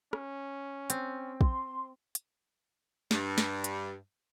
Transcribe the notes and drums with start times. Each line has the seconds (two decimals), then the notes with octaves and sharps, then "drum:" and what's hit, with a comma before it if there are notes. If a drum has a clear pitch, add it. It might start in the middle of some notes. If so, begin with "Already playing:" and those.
0.13 C#4, drum: rim click
0.90 C4, drum: hi-hat
1.41 C6, drum: kick
2.15 drum: hi-hat
3.11 G2, drum: snare
3.38 drum: snare
3.64 drum: hi-hat